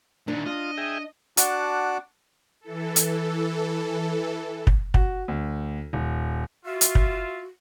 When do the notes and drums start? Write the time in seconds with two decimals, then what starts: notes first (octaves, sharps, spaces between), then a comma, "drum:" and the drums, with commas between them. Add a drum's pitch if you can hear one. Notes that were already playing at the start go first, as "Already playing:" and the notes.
0.28 D#2 A#2 D4
0.46 F4 D#5
0.77 G#4 E5 G5
1.37 D4 F#4 F#5 A5 D6, drum: hi-hat
2.61 E3 A4
2.96 drum: hi-hat
4.67 drum: kick
4.94 F#4, drum: kick
5.28 D2
5.93 D#1
6.66 F4 F#4 E5
6.81 drum: hi-hat
6.95 drum: kick